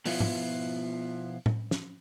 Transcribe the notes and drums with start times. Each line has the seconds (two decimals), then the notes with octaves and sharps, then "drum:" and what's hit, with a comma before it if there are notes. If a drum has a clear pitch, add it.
0.06 B2 F3 B3 E4 F4, drum: open hi-hat
0.20 drum: tom G#2
1.46 drum: tom A2
1.71 drum: snare